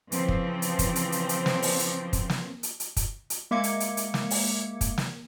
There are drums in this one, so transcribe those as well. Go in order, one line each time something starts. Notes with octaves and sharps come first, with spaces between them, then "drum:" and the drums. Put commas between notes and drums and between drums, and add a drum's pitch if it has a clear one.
C#3 E3 F3 C4, drum: hi-hat
drum: kick
drum: hi-hat
drum: kick, hi-hat
drum: hi-hat
drum: hi-hat
drum: hi-hat
drum: snare
drum: open hi-hat
drum: hi-hat
drum: kick, hi-hat
drum: snare
drum: hi-hat
drum: hi-hat
drum: kick, hi-hat
drum: hi-hat
G#3 A#3 E5 D6 G#6 C#7
drum: hi-hat
drum: hi-hat
drum: hi-hat
drum: snare
drum: open hi-hat
drum: kick, hi-hat
drum: snare